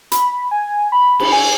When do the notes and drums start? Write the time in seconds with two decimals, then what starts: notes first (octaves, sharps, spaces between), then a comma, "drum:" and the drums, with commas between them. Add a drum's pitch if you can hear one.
0.12 B5, drum: hi-hat
0.51 G#5
0.92 B5
1.20 drum: cymbal
1.32 G#5